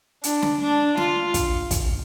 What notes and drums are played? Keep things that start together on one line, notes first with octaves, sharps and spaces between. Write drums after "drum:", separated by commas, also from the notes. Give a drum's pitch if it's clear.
D4, drum: hi-hat
drum: snare
D4
F4, drum: snare
drum: kick, hi-hat
drum: kick, hi-hat